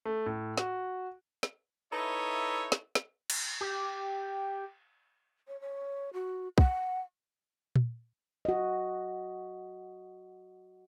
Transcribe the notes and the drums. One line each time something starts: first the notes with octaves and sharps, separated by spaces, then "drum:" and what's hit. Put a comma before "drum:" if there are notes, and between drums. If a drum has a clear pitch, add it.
A3
A2
F#4, drum: snare
drum: snare
D#4 E4 A4 B4 C#5 E5
drum: snare
drum: snare
drum: cymbal
G4
C#5
C#5
F#4
F#5, drum: kick
drum: tom A#2
F#4 D#5